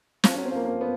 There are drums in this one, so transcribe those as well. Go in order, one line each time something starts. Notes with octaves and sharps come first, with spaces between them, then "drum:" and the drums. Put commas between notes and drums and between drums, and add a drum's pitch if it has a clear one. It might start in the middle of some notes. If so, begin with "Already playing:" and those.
F3 C4, drum: snare
C#4
F#3
C4
F3 A#3
A#3
B3